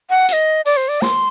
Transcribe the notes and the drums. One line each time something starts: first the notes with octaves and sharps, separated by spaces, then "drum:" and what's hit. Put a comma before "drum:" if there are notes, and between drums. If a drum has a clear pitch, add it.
F#5
F#5, drum: hi-hat
D#5
D5, drum: open hi-hat
C5
D5
C6, drum: snare